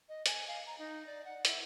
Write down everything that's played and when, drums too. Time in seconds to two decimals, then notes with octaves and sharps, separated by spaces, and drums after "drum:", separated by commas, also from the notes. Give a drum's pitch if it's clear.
0.08 D#5
0.26 G#5, drum: hi-hat
0.47 F5
0.66 A#5
0.78 D#4
1.06 D5
1.24 F#5
1.45 E4, drum: hi-hat